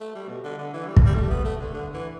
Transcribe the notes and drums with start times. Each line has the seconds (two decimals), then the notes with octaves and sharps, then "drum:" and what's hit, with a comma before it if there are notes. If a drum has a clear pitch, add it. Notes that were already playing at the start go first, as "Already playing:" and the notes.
0.01 A3
0.15 G3
0.28 B2
0.44 D3
0.58 D3
0.73 E3
0.86 G3
0.97 drum: kick
1.06 G3
1.15 A3
1.30 B3
1.45 A3
1.60 D3
1.74 D3
1.93 E3